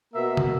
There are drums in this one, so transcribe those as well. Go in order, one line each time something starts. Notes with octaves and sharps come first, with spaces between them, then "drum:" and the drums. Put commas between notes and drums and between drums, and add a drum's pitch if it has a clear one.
B2 A#3 E5
drum: tom